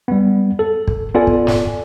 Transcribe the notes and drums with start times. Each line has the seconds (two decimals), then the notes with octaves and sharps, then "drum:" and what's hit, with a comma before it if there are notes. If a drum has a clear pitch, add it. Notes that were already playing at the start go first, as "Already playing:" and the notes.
0.08 G3 B3
0.59 A4
0.87 drum: kick
1.14 B3 F4 A4 D5 G#5
1.27 drum: kick
1.47 drum: snare